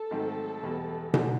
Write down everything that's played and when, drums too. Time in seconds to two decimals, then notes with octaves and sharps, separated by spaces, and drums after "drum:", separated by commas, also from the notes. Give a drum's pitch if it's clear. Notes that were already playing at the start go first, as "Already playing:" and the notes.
Already playing: A4
0.11 G#2 D#3 F#3 A3 C4
0.62 E1 E2 B2 G3
1.14 D3 F3 A#3 D4 F#4, drum: tom B2